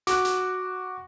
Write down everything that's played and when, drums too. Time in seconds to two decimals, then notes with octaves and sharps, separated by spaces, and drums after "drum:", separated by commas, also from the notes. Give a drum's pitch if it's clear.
0.07 F#4 D6 F#6, drum: hi-hat
0.25 drum: hi-hat